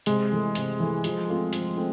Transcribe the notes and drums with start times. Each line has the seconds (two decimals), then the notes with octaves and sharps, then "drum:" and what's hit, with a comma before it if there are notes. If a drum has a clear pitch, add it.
0.06 C3 G#3, drum: hi-hat
0.32 E3 A3
0.55 C3, drum: hi-hat
0.80 E3 A3
1.04 F3, drum: hi-hat
1.28 A3 C4 F4 A4
1.53 F3, drum: hi-hat
1.77 A3 C4